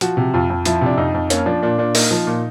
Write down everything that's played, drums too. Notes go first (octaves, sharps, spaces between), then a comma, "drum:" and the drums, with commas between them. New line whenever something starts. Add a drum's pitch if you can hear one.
F3 F#4, drum: hi-hat
C3
F2 F4
F2
F3 E4, drum: hi-hat
C3 D4
F2 D#4
F2
A#3 C#4, drum: hi-hat
F3 D4
A#2 D4
A#2 D4
A#3 D#4, drum: open hi-hat
F3
A#2